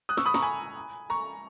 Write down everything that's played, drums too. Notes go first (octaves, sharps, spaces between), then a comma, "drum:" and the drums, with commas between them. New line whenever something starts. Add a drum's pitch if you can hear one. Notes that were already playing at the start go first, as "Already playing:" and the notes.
D#6 F#6
C#6 E6, drum: snare
B5 D#6
A#5 C#6, drum: snare
G#5 B5
A#5 C#6